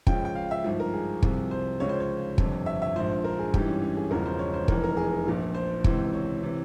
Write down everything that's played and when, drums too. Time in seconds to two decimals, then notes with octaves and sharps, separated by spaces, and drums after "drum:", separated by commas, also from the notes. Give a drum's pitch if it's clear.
0.07 C#2 C#3 F3 G5, drum: kick
0.25 G5
0.35 F5
0.51 E5
0.64 G#1 G2 F3
0.80 A#4
0.94 G#4
1.22 C2 C3 F3, drum: kick
1.51 C5
1.80 C#2 C#3 F3 C#5
1.89 C5
2.00 C#5
2.38 G1 F2 C3, drum: kick
2.66 E5
2.82 E5
2.96 A#1 G#2 F3 C5
3.24 A#4
3.39 G#4
3.54 G#1 G2 E3 G4, drum: kick
3.68 C#4
3.82 C#4
3.97 G#4
4.11 E1 E2 C#3 F3 A#4
4.26 C5
4.39 C#5
4.54 C5
4.68 F1 F2 E3 A#4, drum: kick
4.84 A#4
4.97 G#4
5.27 A#1 A#2 F3
5.55 C5
5.84 C#2 C3 E3, drum: kick
6.13 C#5
6.43 C3 E3